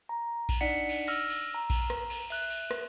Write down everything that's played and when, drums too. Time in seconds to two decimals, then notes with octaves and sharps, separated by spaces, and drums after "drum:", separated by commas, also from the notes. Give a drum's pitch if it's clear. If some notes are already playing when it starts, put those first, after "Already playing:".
0.09 A#5
0.49 drum: kick A#1, cymbal
0.61 D4 D#4 D5 F#5 B6 C#7
0.89 drum: cymbal
1.08 E6 F6 A#6, drum: cymbal
1.29 drum: cymbal
1.54 A#5
1.70 drum: kick A#1, cymbal
1.90 drum: rim click
2.10 drum: cymbal
2.30 E5 F#6, drum: cymbal
2.50 drum: cymbal
2.71 drum: rim click